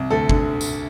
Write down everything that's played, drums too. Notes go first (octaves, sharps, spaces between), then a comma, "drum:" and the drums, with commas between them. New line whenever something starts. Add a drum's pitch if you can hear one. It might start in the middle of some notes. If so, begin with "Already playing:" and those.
Already playing: C2
D2 A4
D3, drum: kick G1
drum: tambourine